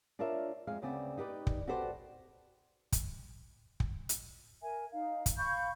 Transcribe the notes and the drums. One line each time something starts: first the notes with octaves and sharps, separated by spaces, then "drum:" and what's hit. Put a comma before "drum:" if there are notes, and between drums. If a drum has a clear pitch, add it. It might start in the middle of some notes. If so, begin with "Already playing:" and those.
D4 F4 A#4 C#5 E5
F2 G#3 F5
D2 C#3 B3 C4 D5
D#4 G4 B4 D5
drum: kick
F#4 G4 A4 B4 C5 D5
drum: kick, hi-hat
drum: kick
drum: hi-hat
A#4 E5 G#5
D#4 F5
drum: kick, hi-hat
F5 B5 C#6 G6